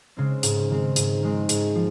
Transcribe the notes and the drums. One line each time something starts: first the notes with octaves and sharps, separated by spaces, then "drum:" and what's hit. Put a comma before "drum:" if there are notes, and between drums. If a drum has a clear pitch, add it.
C#3 G#3 C4
G#2, drum: hi-hat
D#3 G#3 C4
G#2, drum: hi-hat
D#3 G#3 C4
G#2, drum: hi-hat
F3